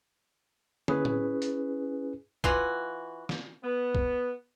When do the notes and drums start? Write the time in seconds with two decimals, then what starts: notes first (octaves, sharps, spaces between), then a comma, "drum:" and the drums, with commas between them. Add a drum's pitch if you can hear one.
0.88 C#4 E4 G#4 B4, drum: tom
1.05 drum: tom
1.42 drum: hi-hat
2.44 E3 F4 F#4, drum: kick B1
3.29 drum: snare
3.63 B3
3.95 drum: kick B1